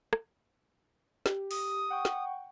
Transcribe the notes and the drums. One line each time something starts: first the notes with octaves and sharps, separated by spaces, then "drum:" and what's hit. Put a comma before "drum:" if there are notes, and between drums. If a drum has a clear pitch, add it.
drum: rim click
G4, drum: snare
D#6, drum: open hi-hat
F#5 G5 C#6
drum: snare